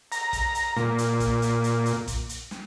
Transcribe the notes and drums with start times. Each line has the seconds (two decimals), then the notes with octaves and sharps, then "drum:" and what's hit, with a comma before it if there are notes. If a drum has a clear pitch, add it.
0.12 A#5, drum: hi-hat
0.33 drum: kick, hi-hat
0.55 drum: hi-hat
0.76 A#2, drum: snare
0.98 drum: hi-hat
1.20 drum: kick, hi-hat
1.42 drum: hi-hat
1.64 drum: hi-hat
1.86 drum: hi-hat
2.07 drum: kick, hi-hat
2.29 drum: hi-hat
2.51 drum: snare